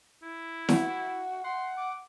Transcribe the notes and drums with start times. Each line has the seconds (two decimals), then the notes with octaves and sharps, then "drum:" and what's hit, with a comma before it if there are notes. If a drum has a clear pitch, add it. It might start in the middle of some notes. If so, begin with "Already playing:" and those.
0.22 E4
0.69 F#4, drum: snare E4
1.44 F#5 C6
1.77 D6